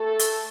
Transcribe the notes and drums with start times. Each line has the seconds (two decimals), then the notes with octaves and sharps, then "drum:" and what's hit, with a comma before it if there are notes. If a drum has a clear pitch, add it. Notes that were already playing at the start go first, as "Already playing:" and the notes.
Already playing: A3 A4
0.19 drum: hi-hat